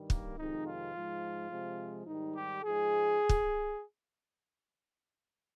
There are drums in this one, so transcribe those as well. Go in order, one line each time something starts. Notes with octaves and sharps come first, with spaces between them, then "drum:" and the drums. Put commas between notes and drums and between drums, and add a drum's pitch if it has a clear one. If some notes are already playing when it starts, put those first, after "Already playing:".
Already playing: G2 D#3 G3
A#3, drum: kick
F2 C3 D#3 G#3 D#4
F4
G#2 F3 G#3
C3 F3 G#3
G#2 D#3 G3 D#4
G4
G#2 F3 G#3 G#4
drum: kick